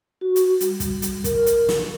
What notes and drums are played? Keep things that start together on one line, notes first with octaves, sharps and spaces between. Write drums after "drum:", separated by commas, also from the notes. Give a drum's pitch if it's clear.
F#4
drum: hi-hat
G3, drum: hi-hat
drum: kick, hi-hat
drum: hi-hat
A#4, drum: kick, hi-hat
drum: hi-hat
drum: snare